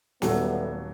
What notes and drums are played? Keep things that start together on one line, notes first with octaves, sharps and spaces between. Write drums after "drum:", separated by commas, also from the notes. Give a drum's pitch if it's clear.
D#1 F#3 G3 A3 B3 A4, drum: snare